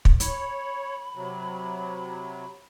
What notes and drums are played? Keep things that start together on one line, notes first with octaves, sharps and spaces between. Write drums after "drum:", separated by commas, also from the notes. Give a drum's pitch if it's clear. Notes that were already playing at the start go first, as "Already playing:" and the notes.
drum: kick
C#5 B5, drum: hi-hat
C3 F#3